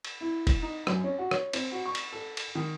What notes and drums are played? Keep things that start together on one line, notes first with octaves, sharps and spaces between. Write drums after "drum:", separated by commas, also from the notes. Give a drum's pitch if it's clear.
drum: cymbal
E4
drum: kick, cymbal
D#4
F#2, drum: rim click
C#4
F#4
C#5, drum: rim click
C4, drum: cymbal
F#4
C#6
drum: cymbal
A4
drum: cymbal
D#3